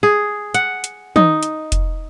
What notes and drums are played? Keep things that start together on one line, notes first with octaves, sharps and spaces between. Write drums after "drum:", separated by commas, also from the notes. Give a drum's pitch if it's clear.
G#4
F#5, drum: hi-hat
drum: hi-hat
D#4, drum: tom
drum: hi-hat
drum: kick F1, hi-hat